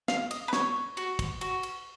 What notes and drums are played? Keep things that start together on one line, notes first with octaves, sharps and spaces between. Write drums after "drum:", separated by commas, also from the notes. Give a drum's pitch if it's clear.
F5, drum: snare
D#5, drum: cymbal
B4
C#5, drum: snare
F#4, drum: cymbal
drum: kick, cymbal
F#4, drum: cymbal
drum: cymbal